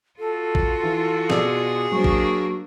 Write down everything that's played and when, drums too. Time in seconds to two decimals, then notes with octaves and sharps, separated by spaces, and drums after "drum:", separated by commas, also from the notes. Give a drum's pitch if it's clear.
0.19 F4 F#4 A4
0.55 drum: kick A1
0.83 E3
1.30 B2 G#4 D5 E6, drum: snare
1.92 F#3 A#3 D4 C5 C#6
2.04 drum: kick A1